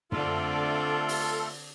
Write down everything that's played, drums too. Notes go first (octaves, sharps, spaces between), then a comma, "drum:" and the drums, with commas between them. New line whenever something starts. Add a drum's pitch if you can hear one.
D3 A3 C4 D4 F4 A4, drum: tom
drum: open hi-hat